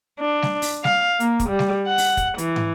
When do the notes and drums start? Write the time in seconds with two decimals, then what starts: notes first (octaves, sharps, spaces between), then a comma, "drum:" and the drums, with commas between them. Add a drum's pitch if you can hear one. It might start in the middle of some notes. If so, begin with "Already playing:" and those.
0.19 D4
0.42 drum: snare G3
0.62 drum: open hi-hat
0.84 F5, drum: snare G3
1.20 A#3, drum: hi-hat
1.40 drum: kick, hi-hat
1.49 G3
1.59 drum: snare G3
1.87 F#5
1.98 drum: open hi-hat
2.17 drum: kick, hi-hat
2.38 E3, drum: hi-hat
2.56 drum: tom